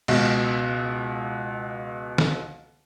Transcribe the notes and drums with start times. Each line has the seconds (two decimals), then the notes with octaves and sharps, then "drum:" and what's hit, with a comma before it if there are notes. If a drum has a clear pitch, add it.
0.08 C#2 B2, drum: cymbal
2.18 drum: snare